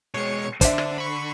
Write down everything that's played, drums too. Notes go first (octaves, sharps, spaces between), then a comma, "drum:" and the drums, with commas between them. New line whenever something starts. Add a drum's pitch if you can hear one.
B2 G#3 C#5 C#7
D3 D4 C5 E5, drum: kick, hi-hat
drum: rim click
B5 C#6